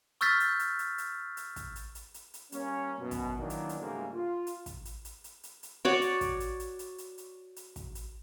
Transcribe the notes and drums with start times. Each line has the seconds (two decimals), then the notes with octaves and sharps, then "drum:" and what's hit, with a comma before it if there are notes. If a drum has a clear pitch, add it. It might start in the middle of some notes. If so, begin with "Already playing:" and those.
0.21 C#6 E6 F6 G6 A6 B6, drum: hi-hat
0.40 drum: hi-hat
0.59 drum: hi-hat
0.79 drum: hi-hat
0.98 drum: hi-hat
1.37 drum: hi-hat
1.56 drum: kick, hi-hat
1.76 drum: hi-hat
1.95 drum: hi-hat
2.14 drum: hi-hat
2.34 drum: hi-hat
2.52 G3 A#3 C#4, drum: hi-hat
2.99 F#2 B2
3.11 drum: kick, hi-hat
3.39 D#3 E3 F#3 A#3 D4
3.50 drum: hi-hat
3.69 drum: hi-hat
3.80 D2 G#2 C#3 G3 A#3
4.13 F4
4.47 drum: hi-hat
4.66 drum: kick, hi-hat
4.85 drum: hi-hat
5.05 drum: hi-hat
5.24 drum: hi-hat
5.43 drum: hi-hat
5.63 drum: hi-hat
5.85 F#4 C#5 D5
6.02 drum: hi-hat
6.21 drum: kick, hi-hat
6.40 drum: hi-hat
6.60 drum: hi-hat
6.79 drum: hi-hat
6.98 drum: hi-hat
7.18 drum: hi-hat
7.56 drum: hi-hat
7.76 drum: kick, hi-hat
7.95 drum: hi-hat